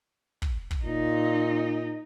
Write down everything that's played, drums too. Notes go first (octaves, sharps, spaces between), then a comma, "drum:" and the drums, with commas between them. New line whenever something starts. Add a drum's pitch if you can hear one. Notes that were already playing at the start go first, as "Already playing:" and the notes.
drum: kick
drum: kick
A#2 D#4